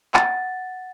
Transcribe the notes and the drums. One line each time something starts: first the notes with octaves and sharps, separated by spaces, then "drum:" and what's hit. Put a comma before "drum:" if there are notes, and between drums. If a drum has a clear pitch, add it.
F#5 A6, drum: clap